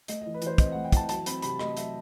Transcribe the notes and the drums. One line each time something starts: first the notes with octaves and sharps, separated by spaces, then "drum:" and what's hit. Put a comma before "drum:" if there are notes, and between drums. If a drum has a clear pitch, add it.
A3 D#5, drum: hi-hat
E3 D#5
B4
E3 C5, drum: hi-hat
C4 D#5, drum: kick, hi-hat
A3 F#5
G5
E3 A5, drum: kick, hi-hat
F#3 A5, drum: hi-hat
C4 B5, drum: hi-hat
C3 B5, drum: hi-hat
A3 D#5, drum: rim click
F#3 E5, drum: hi-hat